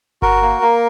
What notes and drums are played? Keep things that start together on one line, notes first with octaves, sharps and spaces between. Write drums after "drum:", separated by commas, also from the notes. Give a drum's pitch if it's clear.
F#4 A#4, drum: kick G1
A#3
A#3